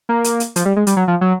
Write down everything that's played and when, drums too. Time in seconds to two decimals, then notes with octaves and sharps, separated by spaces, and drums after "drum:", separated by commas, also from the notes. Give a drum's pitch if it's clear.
0.09 A#3
0.24 drum: hi-hat
0.40 drum: hi-hat
0.56 F3, drum: hi-hat
0.65 G3
0.76 G#3
0.87 G3, drum: hi-hat
0.96 F#3
1.08 F3
1.21 F#3